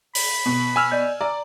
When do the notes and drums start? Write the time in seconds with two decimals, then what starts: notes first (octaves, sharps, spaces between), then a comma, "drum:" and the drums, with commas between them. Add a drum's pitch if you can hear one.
0.15 B5, drum: open hi-hat
0.46 B2
0.76 G#5 E6 F6
0.91 D5 D#5 G6
1.21 D5 A#5